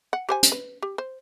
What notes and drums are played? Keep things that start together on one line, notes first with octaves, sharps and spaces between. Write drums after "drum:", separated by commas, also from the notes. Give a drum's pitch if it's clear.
F#5
G4 C5 G#5
drum: hi-hat
B4
G4
C5